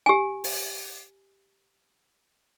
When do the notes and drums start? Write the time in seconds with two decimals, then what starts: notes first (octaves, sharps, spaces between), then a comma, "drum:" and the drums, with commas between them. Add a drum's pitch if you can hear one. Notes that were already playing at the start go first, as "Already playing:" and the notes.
0.06 G4 G#5
0.44 drum: open hi-hat